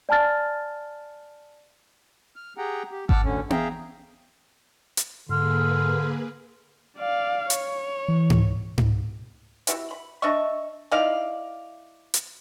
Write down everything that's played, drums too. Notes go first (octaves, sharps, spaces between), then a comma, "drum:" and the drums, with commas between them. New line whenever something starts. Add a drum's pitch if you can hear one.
D5 G#5 A5 F6 A6
F6
G4 G#4 F#5 G5 A#5
G4
F#5 A5 D6 E6 F6, drum: kick G#1
D2 D3 C#4
G#4 E5 F5 G5 A#5, drum: tom B3
drum: hi-hat
G#2 D3 A#3 G#4 B4 C6 E6 F6
D5 F5
C#5, drum: hi-hat
E3
drum: tom G#2
drum: tom G#2
C3 E4 F#4, drum: hi-hat
B5
D4 D#5 E5 C#6
D#4 E4 D5 F5
drum: hi-hat